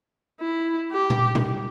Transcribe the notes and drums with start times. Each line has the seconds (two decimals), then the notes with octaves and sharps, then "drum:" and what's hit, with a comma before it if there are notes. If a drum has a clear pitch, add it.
0.41 E4
0.92 G4
1.10 drum: tom A#2
1.35 drum: tom B2